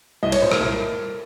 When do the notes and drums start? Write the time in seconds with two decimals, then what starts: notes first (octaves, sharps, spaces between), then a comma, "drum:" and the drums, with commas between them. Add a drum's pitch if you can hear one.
0.23 C2 D#5
0.32 C#5, drum: cymbal
0.42 A#2 C5
0.52 A#4, drum: rim click
0.61 C2